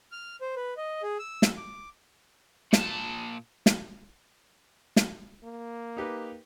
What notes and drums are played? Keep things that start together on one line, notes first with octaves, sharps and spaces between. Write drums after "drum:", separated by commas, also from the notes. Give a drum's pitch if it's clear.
F6
C5
B4
D#5
G#4
E6
drum: snare
D6
A#2 A5, drum: snare
drum: snare
drum: snare
A#3
D#4 G4 B4